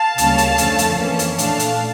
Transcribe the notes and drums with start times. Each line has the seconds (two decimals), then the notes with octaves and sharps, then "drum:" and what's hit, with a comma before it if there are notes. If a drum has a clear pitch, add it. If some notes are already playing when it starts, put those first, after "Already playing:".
Already playing: F5 A5
0.18 D2 C#3 G3 A#3 C#4, drum: hi-hat
0.38 drum: hi-hat
0.58 F2 D3 F3 A3 C#4, drum: hi-hat
0.78 drum: hi-hat
0.98 F2 E3 A#3 C#4
1.19 drum: hi-hat
1.38 A#2 A3 D4 F5 A5, drum: hi-hat
1.59 drum: hi-hat